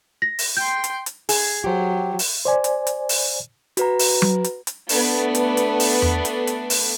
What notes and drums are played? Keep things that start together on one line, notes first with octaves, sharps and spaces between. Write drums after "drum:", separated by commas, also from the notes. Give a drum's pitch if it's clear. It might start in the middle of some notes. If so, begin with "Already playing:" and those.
A#6
drum: open hi-hat
G5 C6 G6
drum: hi-hat
drum: hi-hat
G#4, drum: open hi-hat
F#3 G4 C5
drum: open hi-hat
C5 D5 G#5
drum: hi-hat
drum: hi-hat
drum: open hi-hat
F#4 B4 A#5, drum: hi-hat
drum: open hi-hat
drum: tom F#3
drum: hi-hat
drum: hi-hat
A3 B3 D4 B4, drum: open hi-hat
drum: hi-hat
drum: hi-hat
drum: open hi-hat
drum: tom E2
drum: hi-hat
drum: hi-hat
drum: open hi-hat